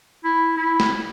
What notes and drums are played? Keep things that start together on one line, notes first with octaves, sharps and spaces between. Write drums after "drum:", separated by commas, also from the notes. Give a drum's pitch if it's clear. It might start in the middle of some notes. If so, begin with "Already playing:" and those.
E4
E4
drum: snare